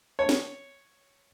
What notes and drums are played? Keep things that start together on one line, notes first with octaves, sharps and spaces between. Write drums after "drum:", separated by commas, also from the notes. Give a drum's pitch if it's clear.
C#5
drum: snare